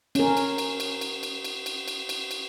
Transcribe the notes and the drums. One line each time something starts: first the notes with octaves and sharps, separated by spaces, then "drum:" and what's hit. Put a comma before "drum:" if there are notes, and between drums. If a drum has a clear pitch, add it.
C#4 A#4, drum: cymbal
drum: cymbal
drum: cymbal
drum: cymbal
drum: cymbal
drum: cymbal
drum: cymbal
drum: cymbal
drum: cymbal
drum: cymbal
drum: cymbal